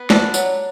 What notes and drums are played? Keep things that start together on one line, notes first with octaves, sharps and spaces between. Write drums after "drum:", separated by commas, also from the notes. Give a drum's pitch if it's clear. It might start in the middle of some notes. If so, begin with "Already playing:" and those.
Already playing: B3
D4, drum: snare
F#3, drum: tambourine